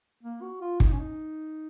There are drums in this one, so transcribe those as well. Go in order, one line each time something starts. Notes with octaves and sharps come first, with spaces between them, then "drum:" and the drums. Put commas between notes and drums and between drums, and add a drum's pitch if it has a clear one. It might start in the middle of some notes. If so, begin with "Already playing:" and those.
A#3
F#4
F4
D#4, drum: kick
C#4
D#4